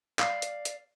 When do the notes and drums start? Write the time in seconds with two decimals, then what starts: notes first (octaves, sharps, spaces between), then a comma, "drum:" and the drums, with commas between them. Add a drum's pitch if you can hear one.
0.19 D5 F5, drum: clap
0.42 drum: hi-hat
0.65 drum: hi-hat